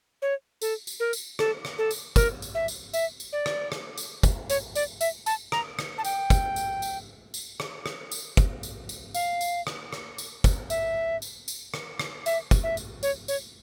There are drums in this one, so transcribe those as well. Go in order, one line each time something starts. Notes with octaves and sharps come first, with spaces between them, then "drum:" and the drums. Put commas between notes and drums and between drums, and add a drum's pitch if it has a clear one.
C#5
A4, drum: tambourine
drum: tambourine
A#4
drum: tambourine
A4, drum: rim click
drum: rim click
A4
drum: tambourine
A#4, drum: kick, tambourine
drum: tambourine
E5
drum: tambourine
E5, drum: tambourine
drum: tambourine
D5
drum: rim click
drum: rim click
drum: tambourine
drum: kick, tambourine
C#5, drum: tambourine
D5, drum: tambourine
E5, drum: tambourine
A5, drum: tambourine
A#5, drum: rim click
drum: rim click
A5
G5, drum: tambourine
drum: kick, tambourine
drum: tambourine
drum: tambourine
drum: tambourine
drum: rim click
drum: rim click
drum: tambourine
drum: kick, tambourine
drum: tambourine
drum: tambourine
F5, drum: tambourine
drum: tambourine
drum: rim click
drum: rim click
drum: tambourine
drum: kick, tambourine
E5, drum: tambourine
drum: tambourine
drum: tambourine
drum: rim click
drum: rim click
E5, drum: tambourine
drum: kick, tambourine
E5
drum: tambourine
C#5, drum: tambourine
C#5, drum: tambourine